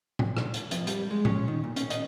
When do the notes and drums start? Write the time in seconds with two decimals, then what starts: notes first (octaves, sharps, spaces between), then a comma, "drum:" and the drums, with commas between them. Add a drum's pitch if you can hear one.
0.19 drum: tom A2
0.37 drum: rim click
0.54 drum: hi-hat
0.71 F2, drum: hi-hat
0.87 G3, drum: hi-hat
1.11 G#3
1.25 C#4, drum: tom A2
1.48 D#3
1.64 A#2
1.76 C#4, drum: hi-hat
1.90 D#5, drum: hi-hat